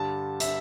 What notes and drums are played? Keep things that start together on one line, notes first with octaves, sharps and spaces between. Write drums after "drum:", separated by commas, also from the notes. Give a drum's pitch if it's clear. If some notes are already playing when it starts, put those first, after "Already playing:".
Already playing: G2 D3 G3 A5
E5, drum: hi-hat